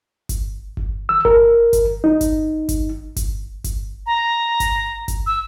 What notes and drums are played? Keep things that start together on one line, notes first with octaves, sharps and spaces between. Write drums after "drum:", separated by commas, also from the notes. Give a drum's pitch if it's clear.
drum: kick G1, hi-hat
drum: kick G1
E6
A#4, drum: kick G1
drum: kick G1, hi-hat
D#4
drum: kick G1, hi-hat
drum: kick G1, hi-hat
drum: kick G1, hi-hat
drum: kick G1, hi-hat
A#5
drum: kick G1, hi-hat
drum: kick G1, hi-hat
E6